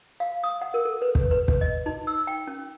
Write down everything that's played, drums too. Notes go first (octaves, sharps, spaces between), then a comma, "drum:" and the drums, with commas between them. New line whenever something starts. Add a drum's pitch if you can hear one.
F5
D#6
F#5
A#4
A4
B4
drum: kick
B4
drum: kick
D#5
D#4
E6
G5
C#4